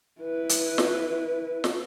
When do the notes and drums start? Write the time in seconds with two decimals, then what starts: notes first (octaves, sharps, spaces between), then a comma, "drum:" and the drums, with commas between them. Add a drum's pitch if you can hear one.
0.21 E4 B4
0.49 drum: hi-hat
0.78 drum: snare
1.64 drum: snare